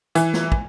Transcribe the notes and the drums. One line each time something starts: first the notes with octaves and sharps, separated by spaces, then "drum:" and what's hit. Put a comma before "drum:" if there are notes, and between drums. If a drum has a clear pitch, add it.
E3, drum: hi-hat
drum: snare
drum: kick